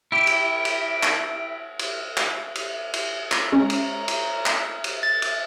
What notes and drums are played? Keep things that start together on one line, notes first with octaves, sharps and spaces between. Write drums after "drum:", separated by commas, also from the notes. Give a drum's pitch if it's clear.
E4 G4
drum: cymbal
drum: cymbal
drum: clap
drum: cymbal
drum: clap
drum: cymbal
drum: cymbal
drum: clap
G#3 C#4 C#5 A#5
drum: cymbal
drum: cymbal
drum: clap
drum: cymbal
A6
drum: cymbal